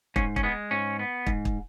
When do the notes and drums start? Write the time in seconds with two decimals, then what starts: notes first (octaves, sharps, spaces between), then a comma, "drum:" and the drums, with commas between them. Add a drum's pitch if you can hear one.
0.16 G#2 C#4, drum: kick
0.36 C#4, drum: kick
0.43 G#3 B3
0.71 G#2 C#4
0.99 B3
1.27 G#2, drum: kick
1.45 drum: kick